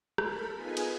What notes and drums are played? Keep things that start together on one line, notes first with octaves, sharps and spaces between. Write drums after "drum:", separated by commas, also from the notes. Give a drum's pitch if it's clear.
A4 A#4 B5, drum: rim click
B3 D#4 F4 G#4 B4 G#5
drum: cymbal